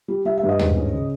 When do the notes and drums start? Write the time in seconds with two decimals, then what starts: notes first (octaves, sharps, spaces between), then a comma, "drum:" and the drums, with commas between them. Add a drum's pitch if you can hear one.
0.08 G3
0.25 G3 E5
0.38 E5
0.43 G2
0.49 D#5
0.59 G#2, drum: tom D#2
0.76 C#4
0.93 C#3